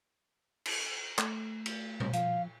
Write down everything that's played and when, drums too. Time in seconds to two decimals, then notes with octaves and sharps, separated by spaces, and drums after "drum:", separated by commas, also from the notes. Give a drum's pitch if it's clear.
0.66 drum: cymbal
1.18 A3, drum: clap
1.66 drum: cymbal
2.00 drum: tom A#2
2.13 F3 F5, drum: hi-hat